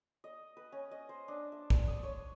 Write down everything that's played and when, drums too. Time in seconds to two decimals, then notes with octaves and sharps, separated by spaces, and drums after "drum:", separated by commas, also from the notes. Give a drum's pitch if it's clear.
0.24 D#5
0.57 B4
0.72 C#4
0.91 D#5
1.09 C5
1.28 D4
1.52 E5
1.70 drum: kick
1.88 D#6
2.03 C#5